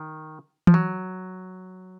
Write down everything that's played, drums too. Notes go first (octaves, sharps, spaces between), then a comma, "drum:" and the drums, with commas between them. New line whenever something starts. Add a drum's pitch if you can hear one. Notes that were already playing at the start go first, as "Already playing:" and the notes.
Already playing: D#3
F3, drum: tom E3
F#3